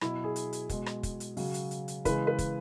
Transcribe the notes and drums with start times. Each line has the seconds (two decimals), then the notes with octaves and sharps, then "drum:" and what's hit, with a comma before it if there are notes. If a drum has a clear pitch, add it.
0.01 B2 F#3 E4, drum: rim click
0.24 G#4
0.36 drum: hi-hat
0.53 drum: hi-hat
0.69 B2 G#3, drum: kick, hi-hat
0.86 drum: rim click
1.03 drum: kick, hi-hat
1.20 drum: hi-hat
1.37 C#3 F#3, drum: open hi-hat
1.54 drum: hi-hat
1.71 drum: hi-hat
1.88 drum: hi-hat
2.05 C#3 E3 G#3 B4, drum: kick, hi-hat
2.27 B4
2.38 drum: kick, hi-hat